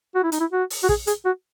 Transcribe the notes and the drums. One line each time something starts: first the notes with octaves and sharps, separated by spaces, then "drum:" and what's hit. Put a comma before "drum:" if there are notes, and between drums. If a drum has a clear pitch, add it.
F#4
E4
D#4, drum: hi-hat
E4
F#4
drum: open hi-hat
F#4
G#4, drum: kick
G#4, drum: hi-hat
F#4